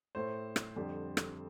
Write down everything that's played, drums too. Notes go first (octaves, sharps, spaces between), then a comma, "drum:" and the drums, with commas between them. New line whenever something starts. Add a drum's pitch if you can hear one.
A2 A3 C5
drum: rim click
F2 D3 G3
drum: rim click